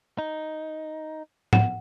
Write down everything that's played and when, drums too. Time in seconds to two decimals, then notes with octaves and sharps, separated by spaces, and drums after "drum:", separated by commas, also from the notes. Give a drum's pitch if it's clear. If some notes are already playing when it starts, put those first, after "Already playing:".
0.18 D#4
1.53 F#5, drum: tom G#2